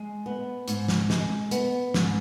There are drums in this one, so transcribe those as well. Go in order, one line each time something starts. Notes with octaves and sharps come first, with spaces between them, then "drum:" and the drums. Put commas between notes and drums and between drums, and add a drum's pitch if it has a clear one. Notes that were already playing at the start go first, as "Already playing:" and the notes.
Already playing: G#3
B3
G#2, drum: hi-hat
drum: snare
G#3, drum: snare
B3, drum: hi-hat
G#2, drum: snare